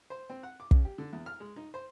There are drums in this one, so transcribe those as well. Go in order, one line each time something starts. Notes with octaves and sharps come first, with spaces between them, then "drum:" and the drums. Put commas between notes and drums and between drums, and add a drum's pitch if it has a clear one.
C5
C4
F#5
D6
C#3, drum: kick
G4
D3
E2
F6
G#3
D#4
C5